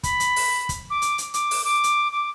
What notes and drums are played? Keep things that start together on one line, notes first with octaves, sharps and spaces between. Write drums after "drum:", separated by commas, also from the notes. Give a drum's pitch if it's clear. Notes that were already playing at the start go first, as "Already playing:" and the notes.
B5, drum: kick, hi-hat
drum: hi-hat
drum: open hi-hat
drum: kick, hi-hat
D6
drum: hi-hat
drum: hi-hat
D6, drum: hi-hat
drum: open hi-hat
D6
drum: hi-hat
D6